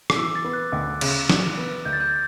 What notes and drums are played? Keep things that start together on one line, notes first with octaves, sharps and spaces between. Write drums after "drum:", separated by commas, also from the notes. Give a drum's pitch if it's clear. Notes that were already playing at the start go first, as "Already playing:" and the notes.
D6, drum: rim click
E3 E6
A6
B3
F#6
D2 D6
C#3, drum: cymbal
E3, drum: snare
B3
D2 G6
A6
G6